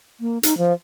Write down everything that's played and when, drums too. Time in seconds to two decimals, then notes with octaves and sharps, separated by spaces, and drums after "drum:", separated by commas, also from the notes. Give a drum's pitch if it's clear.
0.20 A#3
0.43 D#4, drum: hi-hat
0.58 F3